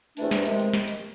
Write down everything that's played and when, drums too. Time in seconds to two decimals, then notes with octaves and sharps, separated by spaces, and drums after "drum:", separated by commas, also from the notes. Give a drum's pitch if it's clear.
0.17 E2 C3 E3 A3 D4, drum: open hi-hat
0.31 drum: snare
0.45 C3 D#3 G#3, drum: hi-hat
0.59 drum: hi-hat
0.74 drum: snare
0.88 drum: hi-hat